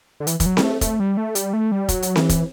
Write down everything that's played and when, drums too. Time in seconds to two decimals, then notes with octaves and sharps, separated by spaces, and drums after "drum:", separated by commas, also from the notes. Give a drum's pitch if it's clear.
0.20 D3
0.27 E3, drum: hi-hat
0.40 E3, drum: kick F1, hi-hat
0.46 F#3
0.57 G3, drum: snare C4
0.63 A3
0.81 A3, drum: kick F1, hi-hat
1.00 G3
1.17 A3
1.35 G3, drum: hi-hat
1.53 A3
1.72 G3
1.89 F#3, drum: kick F1, hi-hat
2.02 drum: hi-hat
2.16 E3, drum: snare C4
2.29 drum: kick F1, hi-hat